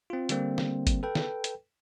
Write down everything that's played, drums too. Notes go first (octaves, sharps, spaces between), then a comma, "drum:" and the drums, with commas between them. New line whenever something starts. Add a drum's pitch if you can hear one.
C4 F4
D3 G3 A#3 C4, drum: hi-hat
drum: snare
drum: kick G1, hi-hat
A4 B4 G5
drum: snare
drum: hi-hat